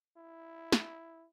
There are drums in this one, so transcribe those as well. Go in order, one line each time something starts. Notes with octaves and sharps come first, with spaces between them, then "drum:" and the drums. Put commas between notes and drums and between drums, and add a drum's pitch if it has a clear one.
E4
drum: snare